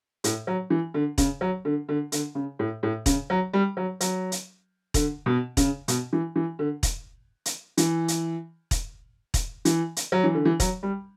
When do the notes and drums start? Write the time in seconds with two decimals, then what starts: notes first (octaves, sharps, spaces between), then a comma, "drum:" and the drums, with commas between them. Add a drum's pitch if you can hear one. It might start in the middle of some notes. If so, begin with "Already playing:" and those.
0.24 A2, drum: hi-hat
0.47 F#3
0.70 E3
0.94 D3
1.18 C#3, drum: kick E1, hi-hat
1.41 F#3
1.65 D3
1.89 D3
2.12 D3, drum: hi-hat
2.35 C#3
2.59 A2
2.83 A2
3.06 C#3, drum: kick E1, hi-hat
3.30 F#3
3.53 G3
3.77 F#3
4.01 F#3, drum: hi-hat
4.32 drum: hi-hat
4.94 D3, drum: kick E1, hi-hat
5.26 B2
5.57 C#3, drum: kick E1, hi-hat
5.88 B2, drum: hi-hat
6.13 E3
6.36 E3
6.59 D3
6.83 drum: kick E1, hi-hat
7.46 drum: hi-hat
7.77 E3, drum: hi-hat
8.08 drum: hi-hat
8.71 drum: kick E1, hi-hat
9.34 drum: kick E1, hi-hat
9.65 E3, drum: hi-hat
9.97 drum: hi-hat
10.12 F#3
10.24 E3
10.34 D3
10.45 E3
10.60 F#3, drum: kick E1, hi-hat
10.83 G3